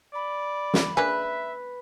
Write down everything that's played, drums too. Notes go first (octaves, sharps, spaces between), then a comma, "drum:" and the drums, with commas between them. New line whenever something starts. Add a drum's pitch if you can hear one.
D5 B5
drum: snare
A#3 D4 B4 E5 G#5